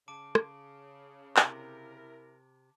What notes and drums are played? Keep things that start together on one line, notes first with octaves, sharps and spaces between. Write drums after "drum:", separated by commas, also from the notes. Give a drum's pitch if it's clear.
C#3 A5 D6 D7
drum: rim click
C3 E4 A#4, drum: clap